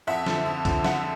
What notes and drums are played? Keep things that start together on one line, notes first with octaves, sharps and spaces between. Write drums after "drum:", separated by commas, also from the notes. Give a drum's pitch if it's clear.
F2 E5 F#5
D3 F3, drum: snare
F2
D3 F3, drum: kick, hi-hat
F2 E5 F#5, drum: snare